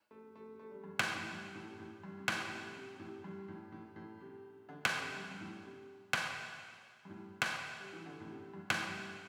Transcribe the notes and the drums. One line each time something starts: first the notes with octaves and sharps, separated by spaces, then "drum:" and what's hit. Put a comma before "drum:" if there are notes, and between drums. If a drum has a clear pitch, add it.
A3
A3
A3
G3
G2
A2, drum: rim click
A2
G2
A2
C3
A2
G2
C3
A2, drum: rim click
A2
C3
C3
C3
A2
G2
A2
A2
A2
C3
D3
D3, drum: rim click
C3
G2
G2
A2
C3
drum: rim click
G2
A2
drum: rim click
G3
E3
D3
A2
C3
G2
A2, drum: rim click
G2